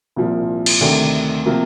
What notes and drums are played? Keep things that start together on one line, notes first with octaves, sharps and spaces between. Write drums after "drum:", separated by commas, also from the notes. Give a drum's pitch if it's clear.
C2 A#2 F3
drum: cymbal
D2 C3 D#3 A3 D4
C3 F3 A#3